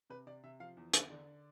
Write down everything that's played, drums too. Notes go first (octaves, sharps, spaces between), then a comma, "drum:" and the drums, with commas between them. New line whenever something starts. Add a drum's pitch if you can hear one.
C3 B4
C3 D5
C3 E5
F3 F5
E2
D3 E5, drum: hi-hat
D3 D5